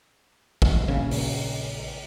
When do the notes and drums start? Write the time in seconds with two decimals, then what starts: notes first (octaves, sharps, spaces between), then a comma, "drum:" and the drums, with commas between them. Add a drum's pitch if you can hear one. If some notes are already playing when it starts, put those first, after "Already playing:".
0.62 drum: kick
0.88 A#1 C#3
1.11 drum: open hi-hat